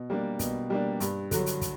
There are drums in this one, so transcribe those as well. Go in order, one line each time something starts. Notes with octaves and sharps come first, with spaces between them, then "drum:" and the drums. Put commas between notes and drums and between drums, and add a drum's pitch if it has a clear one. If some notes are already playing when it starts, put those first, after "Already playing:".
Already playing: B2
G3 A#3 D4
B2, drum: kick, hi-hat
G3 A#3 D4
G2, drum: hi-hat
D3 F#3, drum: kick, hi-hat
drum: hi-hat
drum: kick, hi-hat